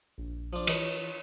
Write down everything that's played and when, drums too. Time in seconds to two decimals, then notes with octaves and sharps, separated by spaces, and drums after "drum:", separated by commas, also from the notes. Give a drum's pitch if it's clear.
0.18 A#1
0.53 F3 D4
0.67 E3 B4 C#5 D#5, drum: cymbal